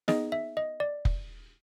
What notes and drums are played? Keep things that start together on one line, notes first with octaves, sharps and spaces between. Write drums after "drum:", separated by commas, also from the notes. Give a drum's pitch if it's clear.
B3 D#4 G#4 D#5, drum: snare
E5
D#5
D5
drum: kick F1